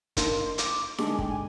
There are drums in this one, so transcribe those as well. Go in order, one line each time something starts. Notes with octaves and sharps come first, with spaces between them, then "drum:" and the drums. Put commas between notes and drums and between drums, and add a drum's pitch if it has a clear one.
D#3 A#3 D4 C6, drum: kick, hi-hat
D6, drum: hi-hat
D3 G#3 D4 D6, drum: snare D#4
G#5
G5, drum: kick
G#5